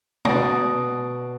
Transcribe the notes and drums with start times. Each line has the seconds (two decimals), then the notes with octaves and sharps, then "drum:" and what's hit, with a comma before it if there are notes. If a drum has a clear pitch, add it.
0.25 B2 D5 A5 D#6, drum: tom